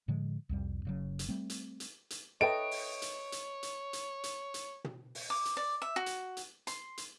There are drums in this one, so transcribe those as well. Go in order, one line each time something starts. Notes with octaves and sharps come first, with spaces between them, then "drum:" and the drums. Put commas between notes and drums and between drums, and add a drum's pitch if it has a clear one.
A2 D3 F3 G#3
C2 F2 G3
F#1 C#3 F#3
drum: hi-hat
G3 A3 C4
drum: hi-hat
drum: hi-hat
drum: hi-hat
A4 B4 C#5 D#5 E5 G5 D7
drum: open hi-hat
drum: hi-hat
drum: hi-hat
drum: hi-hat
drum: hi-hat
drum: hi-hat
drum: hi-hat
drum: tom
drum: open hi-hat
D6
drum: hi-hat
D5
E5
F#4
drum: hi-hat
drum: hi-hat
C6, drum: hi-hat
drum: hi-hat